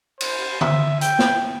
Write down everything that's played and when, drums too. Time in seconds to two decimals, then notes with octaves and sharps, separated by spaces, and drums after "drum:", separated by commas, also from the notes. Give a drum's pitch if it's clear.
0.21 C5, drum: cymbal
0.61 E5, drum: tom D3
1.01 G5, drum: hi-hat
1.19 drum: snare